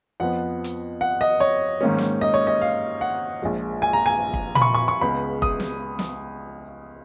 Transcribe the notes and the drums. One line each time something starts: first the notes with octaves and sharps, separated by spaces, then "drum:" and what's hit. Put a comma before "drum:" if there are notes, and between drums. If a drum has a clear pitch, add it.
F2 F3 B3 F#5
drum: hi-hat
F#5
D#5
C#5
G#2 D#3 A#3 C#4
drum: snare
D#5
C#5
D#5
F5
F#5
A#1 A#2 F3 G#3
G#5
A#5
G#5
drum: kick
B5, drum: tom
C#6
C#6
C#6
C#2 C#3 G#3 B3 B5
D#6, drum: kick
drum: snare
drum: snare